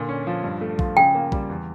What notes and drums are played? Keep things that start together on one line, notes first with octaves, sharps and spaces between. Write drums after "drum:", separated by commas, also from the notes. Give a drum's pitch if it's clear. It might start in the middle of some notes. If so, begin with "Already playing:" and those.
Already playing: A#2 D3
C#4
F3
G2
A3
F3, drum: kick A#1
C#3 G5
A#3
G3, drum: kick A#1
E2